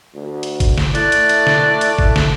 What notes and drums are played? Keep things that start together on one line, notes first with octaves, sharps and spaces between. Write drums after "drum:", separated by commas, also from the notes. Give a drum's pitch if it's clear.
D2
drum: hi-hat
drum: kick, hi-hat
drum: snare
A3 E4 D5 F#6, drum: hi-hat
drum: hi-hat
drum: hi-hat
drum: snare
drum: hi-hat
drum: kick
drum: snare